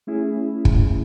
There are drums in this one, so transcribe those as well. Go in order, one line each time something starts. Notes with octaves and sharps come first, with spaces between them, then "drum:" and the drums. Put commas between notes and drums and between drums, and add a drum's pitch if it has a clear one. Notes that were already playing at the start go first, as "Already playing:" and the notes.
A3 C#4 E4 G#4
drum: kick